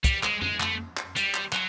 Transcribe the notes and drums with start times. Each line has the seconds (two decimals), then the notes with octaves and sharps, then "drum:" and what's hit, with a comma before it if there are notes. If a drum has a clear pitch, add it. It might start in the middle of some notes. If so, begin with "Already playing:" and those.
0.04 G3, drum: kick, hi-hat
0.23 G#3, drum: clap
0.42 G#3, drum: tom F2
0.60 A3, drum: clap
0.97 drum: clap
1.16 G3, drum: hi-hat
1.35 drum: clap
1.53 F#3, drum: clap